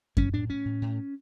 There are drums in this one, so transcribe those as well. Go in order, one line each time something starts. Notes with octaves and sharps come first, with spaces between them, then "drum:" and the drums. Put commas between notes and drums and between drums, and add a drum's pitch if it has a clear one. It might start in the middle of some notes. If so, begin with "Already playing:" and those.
B1 C#4, drum: kick F#2
A2 D4
A2 C#4
A2
A2